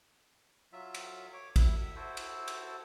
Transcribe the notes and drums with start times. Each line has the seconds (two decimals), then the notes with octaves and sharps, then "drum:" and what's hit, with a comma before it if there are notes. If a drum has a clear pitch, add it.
0.72 F#3 F4 E5
0.95 drum: cymbal
1.33 C#5 D6
1.56 E4, drum: kick A1, cymbal
1.82 E5
1.96 E4 F#4 A4 C5
2.17 drum: cymbal
2.48 drum: cymbal